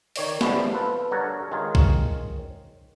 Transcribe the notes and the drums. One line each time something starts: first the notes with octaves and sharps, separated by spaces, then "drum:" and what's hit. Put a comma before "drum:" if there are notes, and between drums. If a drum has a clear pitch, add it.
D#3 C#5 D5, drum: open hi-hat
A2 F3 G3 G#3 B3 E4, drum: snare
F4 A4 B4
G2 A4 A#4 C#5 F#5 A#5
D#3 G#3 D#4 F4 C#5
drum: kick